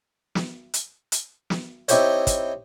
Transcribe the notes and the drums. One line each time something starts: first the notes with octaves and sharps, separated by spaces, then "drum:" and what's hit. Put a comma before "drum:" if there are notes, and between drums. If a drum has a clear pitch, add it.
drum: snare
drum: hi-hat
drum: hi-hat
drum: snare
C4 D#4 E4 G4 C5 C#5, drum: hi-hat
drum: kick, hi-hat